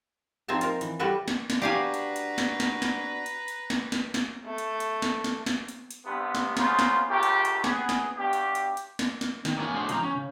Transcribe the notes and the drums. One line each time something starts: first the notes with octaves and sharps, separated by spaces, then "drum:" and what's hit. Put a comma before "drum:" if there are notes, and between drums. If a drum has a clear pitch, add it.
F3 C4 D#4 E5 G#5 A5
F4 A#4, drum: hi-hat
E3, drum: hi-hat
G3 F#4 G4 A4 B4 E5
drum: snare
drum: snare
D4 F#4 G4 B4 F5 G#5 A#5
drum: hi-hat
drum: hi-hat
drum: snare
drum: snare
drum: snare
drum: hi-hat
drum: hi-hat
drum: snare
drum: snare
drum: snare
A3
drum: hi-hat
drum: hi-hat
drum: snare
drum: snare
drum: snare
drum: hi-hat
drum: hi-hat
G2 C3 B3
drum: snare
C#3 B3 D#4 F4 C5, drum: snare
drum: snare
C#2 A3 A#3 G4
drum: hi-hat
drum: hi-hat
B3 G#4, drum: snare
drum: snare
G2 B2 G4
drum: hi-hat
drum: hi-hat
drum: hi-hat
drum: snare
drum: snare
D#3, drum: snare
A#3 B3 C#4 F4 E5 G#5
A3 D4 F#4 C5 D#5
C#2 E3 F3 C4 A#5, drum: hi-hat
C#4
C#3